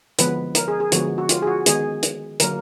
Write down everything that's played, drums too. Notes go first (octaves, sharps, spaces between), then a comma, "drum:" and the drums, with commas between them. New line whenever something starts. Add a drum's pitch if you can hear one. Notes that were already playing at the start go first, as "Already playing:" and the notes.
D3 F3 G#3 B3 B4, drum: hi-hat
A#4, drum: hi-hat
G#4
G#4
D3 F3 G#3 B3 F#4, drum: hi-hat
F#4
F4, drum: hi-hat
G#4
F#4
D#3 G#3 B3 G#4, drum: hi-hat
drum: hi-hat
D3 F#3 A#3 A#4, drum: hi-hat